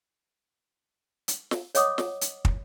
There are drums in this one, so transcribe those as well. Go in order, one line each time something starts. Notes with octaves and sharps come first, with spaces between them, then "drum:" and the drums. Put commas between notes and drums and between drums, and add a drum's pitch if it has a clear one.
drum: hi-hat
drum: snare
C#5 D#5 F#5 D6 D#6, drum: hi-hat
drum: snare
drum: hi-hat
drum: kick